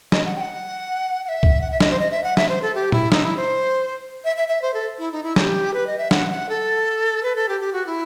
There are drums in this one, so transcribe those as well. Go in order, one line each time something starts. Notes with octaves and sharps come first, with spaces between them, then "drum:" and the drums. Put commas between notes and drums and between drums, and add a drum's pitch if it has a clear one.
D#5, drum: snare
F#5
G5
F#5
F#5
E5
drum: kick C2
F#5
E5
D#5, drum: snare
C5
D#5
E5
F#5
E5, drum: snare
C5
A4
G4
E4, drum: tom A#2
D#4, drum: snare
E4
C5
E5
E5
E5
C5
A4
E4
D#4
E4
G4, drum: snare
B4
D#5
E5
F#5, drum: snare
F#5
A4
B4
A4
G4
G4
F#4
E4